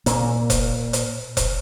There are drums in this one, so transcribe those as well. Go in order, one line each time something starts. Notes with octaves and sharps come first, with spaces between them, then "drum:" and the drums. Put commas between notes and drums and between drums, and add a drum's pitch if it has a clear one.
A#2 A#3, drum: hi-hat
drum: kick E1, hi-hat
drum: hi-hat
drum: kick E1, hi-hat